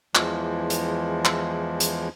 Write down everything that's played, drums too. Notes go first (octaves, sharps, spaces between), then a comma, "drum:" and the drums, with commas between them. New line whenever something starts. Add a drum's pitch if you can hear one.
E2 E3 F3 G#3, drum: clap
drum: hi-hat
drum: clap
drum: hi-hat